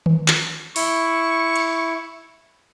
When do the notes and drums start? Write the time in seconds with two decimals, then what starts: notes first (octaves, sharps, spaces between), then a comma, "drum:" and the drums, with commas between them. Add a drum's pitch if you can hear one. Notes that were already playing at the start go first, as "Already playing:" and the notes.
0.06 drum: tom D#3
0.28 drum: clap
0.76 E4 C#6, drum: open hi-hat
1.56 drum: cymbal